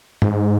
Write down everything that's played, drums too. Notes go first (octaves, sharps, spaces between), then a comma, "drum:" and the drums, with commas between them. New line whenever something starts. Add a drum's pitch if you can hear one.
G#2, drum: tom